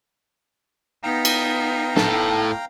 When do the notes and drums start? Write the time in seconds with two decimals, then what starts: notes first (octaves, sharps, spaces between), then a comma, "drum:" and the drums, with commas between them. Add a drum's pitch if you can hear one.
1.03 B3 D#4 F5 G5 A#5
1.25 drum: cymbal
1.96 A2 A4, drum: snare